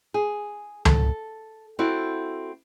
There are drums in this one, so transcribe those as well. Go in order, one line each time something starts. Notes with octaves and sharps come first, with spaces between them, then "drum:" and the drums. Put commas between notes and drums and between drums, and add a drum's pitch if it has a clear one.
G#4
A4, drum: tom C#2
C4 E4 F#4 A4